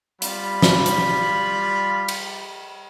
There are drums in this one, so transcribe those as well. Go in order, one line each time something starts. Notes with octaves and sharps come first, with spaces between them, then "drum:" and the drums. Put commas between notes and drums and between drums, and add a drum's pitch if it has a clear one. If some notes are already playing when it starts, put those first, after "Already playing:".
G3 F4 B5, drum: hi-hat
drum: snare
drum: hi-hat
drum: cymbal